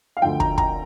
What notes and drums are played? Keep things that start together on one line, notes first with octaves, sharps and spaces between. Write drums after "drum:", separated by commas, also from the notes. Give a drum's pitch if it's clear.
F5
D2 D3 F3 G5
A#5, drum: kick
A#5, drum: kick